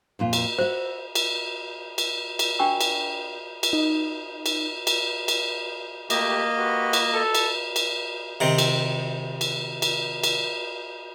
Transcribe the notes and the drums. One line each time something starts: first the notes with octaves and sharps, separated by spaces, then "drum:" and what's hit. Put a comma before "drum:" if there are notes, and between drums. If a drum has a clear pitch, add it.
F2 A#2 F4
drum: cymbal
F#4 C5 E5
drum: cymbal
drum: cymbal
drum: cymbal
D4 F#4 G5 G#5 C#6 E6
drum: cymbal
drum: cymbal
D#4
drum: cymbal
drum: cymbal
drum: cymbal
A3 A#3 G4 D#5, drum: cymbal
F#4 G4 B4
drum: cymbal
A4
drum: cymbal
drum: cymbal
C3 D#3 C4
drum: cymbal
drum: cymbal
drum: cymbal
drum: cymbal